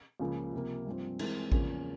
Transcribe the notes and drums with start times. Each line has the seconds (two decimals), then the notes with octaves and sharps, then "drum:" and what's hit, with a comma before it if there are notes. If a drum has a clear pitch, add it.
0.20 C#2 C#3 F3 A#3
0.52 C3 F3 A#3
0.86 G2 F3 C4
1.19 E3 G#3 C4 E4 A#4, drum: cymbal
1.52 E2 C#3 F3 A#3 C#4, drum: kick A1